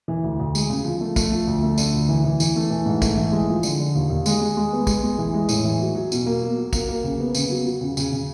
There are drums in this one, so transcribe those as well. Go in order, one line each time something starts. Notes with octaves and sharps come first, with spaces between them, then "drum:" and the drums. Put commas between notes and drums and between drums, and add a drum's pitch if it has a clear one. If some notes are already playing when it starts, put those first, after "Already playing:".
E3
D2
D2
G#3, drum: tambourine
C#3
F3
A3
A3, drum: kick, tambourine
F3
D2
A3
D3, drum: tambourine
D2
E3
E3
E3, drum: tambourine
A3
E3
G#2
A3, drum: kick, tambourine
E3
G#3
F3
D3, drum: tambourine
D3
D#2
D#2
G#3, drum: tambourine
G#3
G#3
B3
G#3, drum: kick, tambourine
G#3
E3
G#3
A2, drum: tambourine
E3
F#3
F#3
B2, drum: tambourine
A#3
F#3
F#3
A#3, drum: kick, tambourine
A#3
C#3
B3
C#3, drum: tambourine
F#3
F#3
C#3
C#3, drum: tambourine
C#3